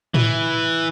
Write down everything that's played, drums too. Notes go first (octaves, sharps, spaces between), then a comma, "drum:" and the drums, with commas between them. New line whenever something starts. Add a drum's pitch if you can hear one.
E3, drum: tom A2